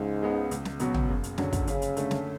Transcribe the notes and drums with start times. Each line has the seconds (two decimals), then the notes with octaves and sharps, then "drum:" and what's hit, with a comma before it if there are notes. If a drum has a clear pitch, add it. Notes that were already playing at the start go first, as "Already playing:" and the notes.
Already playing: C#2 G#2
0.22 C#3 G#3 B3
0.51 C#2, drum: hi-hat
0.65 drum: snare
0.79 B2 F#3 B3, drum: hi-hat
0.94 drum: tom
1.09 F#1
1.24 drum: hi-hat
1.38 F#2 D3 F#3, drum: snare
1.53 drum: kick, hi-hat
1.67 F#2 C#3, drum: hi-hat
1.82 drum: hi-hat
1.97 D3 A3, drum: hi-hat
2.11 drum: snare